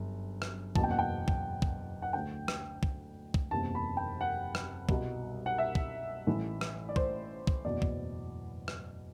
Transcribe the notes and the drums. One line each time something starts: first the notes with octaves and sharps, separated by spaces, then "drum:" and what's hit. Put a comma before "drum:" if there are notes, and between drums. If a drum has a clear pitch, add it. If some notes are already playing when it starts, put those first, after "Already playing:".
Already playing: G1 F#2
drum: rim click
F#1 E2 B2 A5, drum: kick
G5
F#5
G5
drum: kick
drum: kick
F#5
D2 D3 G5
drum: rim click
drum: kick
drum: kick
F#1 E2 C3 A5
B5
G5
F#5
drum: rim click
C2 B2, drum: kick
F#5
E5
drum: kick
A1 A2 E3
drum: rim click
D5
C5, drum: kick
drum: kick
F#1 E2 B2 D5
drum: kick
drum: rim click